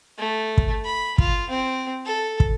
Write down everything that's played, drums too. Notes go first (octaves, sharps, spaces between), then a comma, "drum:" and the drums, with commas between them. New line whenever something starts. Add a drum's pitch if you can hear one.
A3
drum: kick
B5
F4, drum: kick
C4
A4
drum: kick